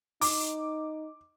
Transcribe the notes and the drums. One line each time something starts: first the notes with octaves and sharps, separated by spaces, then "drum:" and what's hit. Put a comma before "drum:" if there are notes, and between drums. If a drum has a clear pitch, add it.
D#4 D6, drum: open hi-hat